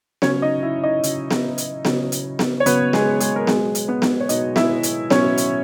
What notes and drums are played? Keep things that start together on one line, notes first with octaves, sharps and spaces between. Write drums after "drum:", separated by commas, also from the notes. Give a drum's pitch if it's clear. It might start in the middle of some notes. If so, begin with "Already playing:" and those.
C#3 F#3 C#4 C#5, drum: snare B3
D#4 D#5
E4 E5
D#4 D#5
C#3 F#3, drum: hi-hat
drum: snare B3
drum: hi-hat
C#3 F#3, drum: snare B3
drum: hi-hat
drum: snare B3
C#5
C#3 F#3 B3 B4, drum: hi-hat
G#3 G#4, drum: snare B3
G#3 G#4, drum: hi-hat
A#4
B2 F#3 G#3 G#4, drum: snare B3
drum: hi-hat
B3 B4
drum: snare B3
C#5
B2 F#3 D#4 D#5, drum: hi-hat
E4 E5, drum: snare B3
drum: hi-hat
B2 F#3 C#4 C#5, drum: snare B3
drum: hi-hat